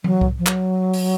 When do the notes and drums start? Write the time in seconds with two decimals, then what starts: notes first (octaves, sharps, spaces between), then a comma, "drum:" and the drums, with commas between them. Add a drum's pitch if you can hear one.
0.04 F#3, drum: tom E3
0.21 drum: kick C2
0.39 F3
0.46 F#3, drum: clap
0.93 drum: open hi-hat